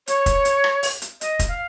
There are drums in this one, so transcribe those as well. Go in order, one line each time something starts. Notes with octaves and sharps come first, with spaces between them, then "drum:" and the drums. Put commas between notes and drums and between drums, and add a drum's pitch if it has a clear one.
C#5, drum: hi-hat
drum: kick, hi-hat
drum: hi-hat
drum: rim click
drum: open hi-hat
drum: hi-hat
D#5, drum: hi-hat
drum: kick, hi-hat
F5